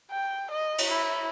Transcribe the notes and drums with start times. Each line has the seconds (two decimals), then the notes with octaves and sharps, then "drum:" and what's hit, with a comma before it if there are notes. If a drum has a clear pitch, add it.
0.11 G5
0.51 D#5
0.78 drum: cymbal
0.89 E4